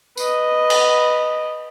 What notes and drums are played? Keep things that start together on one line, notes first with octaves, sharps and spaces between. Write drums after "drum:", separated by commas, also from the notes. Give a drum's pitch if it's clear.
B4 D#5, drum: tambourine
drum: cymbal